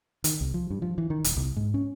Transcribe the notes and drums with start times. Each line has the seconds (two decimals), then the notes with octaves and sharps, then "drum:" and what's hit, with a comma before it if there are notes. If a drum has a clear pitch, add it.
0.24 D#3, drum: hi-hat
0.41 C2
0.54 F3
0.70 G2
0.82 F3
0.98 E3
1.10 D#3
1.24 D#1, drum: hi-hat
1.37 C2
1.56 G#2
1.74 C#4